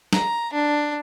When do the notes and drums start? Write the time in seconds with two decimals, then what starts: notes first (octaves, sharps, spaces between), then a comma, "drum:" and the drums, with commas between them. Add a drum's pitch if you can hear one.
0.13 A#5, drum: snare
0.53 D4